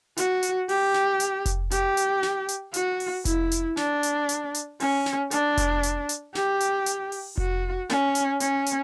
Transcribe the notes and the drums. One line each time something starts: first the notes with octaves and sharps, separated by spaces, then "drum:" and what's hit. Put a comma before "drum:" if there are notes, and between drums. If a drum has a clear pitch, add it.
F#4, drum: hi-hat
drum: hi-hat
G4, drum: open hi-hat
drum: snare
drum: hi-hat
drum: kick F1, hi-hat
G4, drum: hi-hat
drum: hi-hat
drum: snare
drum: hi-hat
F#4, drum: hi-hat
drum: open hi-hat
E4, drum: kick F1, hi-hat
drum: hi-hat
D4, drum: snare
drum: hi-hat
drum: hi-hat
drum: hi-hat
C#4, drum: open hi-hat
drum: snare
D4, drum: hi-hat
drum: kick F1, hi-hat
drum: hi-hat
drum: hi-hat
G4, drum: snare
drum: hi-hat
drum: hi-hat
drum: open hi-hat
F#4, drum: kick F1
C#4, drum: snare
drum: hi-hat
C#4, drum: hi-hat
drum: hi-hat